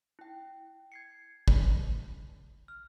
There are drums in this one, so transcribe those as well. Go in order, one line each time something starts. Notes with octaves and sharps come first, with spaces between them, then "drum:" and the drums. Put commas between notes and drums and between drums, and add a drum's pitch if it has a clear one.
E4 G5
G#6 C7 C#7
drum: kick
F6